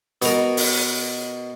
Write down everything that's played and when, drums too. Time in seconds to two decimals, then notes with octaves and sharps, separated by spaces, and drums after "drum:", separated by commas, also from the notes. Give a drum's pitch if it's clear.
0.22 B2 A#4, drum: hi-hat
0.57 drum: open hi-hat